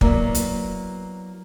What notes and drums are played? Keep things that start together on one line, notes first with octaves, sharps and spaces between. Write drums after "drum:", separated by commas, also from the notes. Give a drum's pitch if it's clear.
F#3 A#3 B3 E4 D5, drum: kick
drum: hi-hat